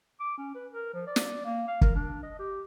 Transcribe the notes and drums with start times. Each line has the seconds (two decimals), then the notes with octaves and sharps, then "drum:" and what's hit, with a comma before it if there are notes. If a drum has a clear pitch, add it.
0.20 D6
0.37 C#4
0.54 B4
0.73 A#4
0.94 F3
1.07 D5
1.16 drum: snare
1.45 A#3
1.67 F5
1.81 A#4, drum: kick
1.95 D4
2.23 D#5
2.39 G4